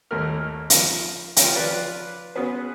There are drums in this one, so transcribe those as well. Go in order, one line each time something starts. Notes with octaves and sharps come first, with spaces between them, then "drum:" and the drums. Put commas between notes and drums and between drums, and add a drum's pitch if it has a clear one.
G#1 D#2 A3 A#3 A#4 F6
F3, drum: hi-hat
F4 C#5 F5 G5, drum: hi-hat
F3 F4 B4 D5
B3 C#4 F#4 G#4 B4 C5